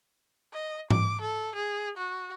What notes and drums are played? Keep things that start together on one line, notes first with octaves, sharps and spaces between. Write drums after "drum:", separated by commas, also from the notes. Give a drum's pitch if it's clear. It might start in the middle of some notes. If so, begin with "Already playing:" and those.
D#5
D6, drum: tom G#2
A4
G#4
F#4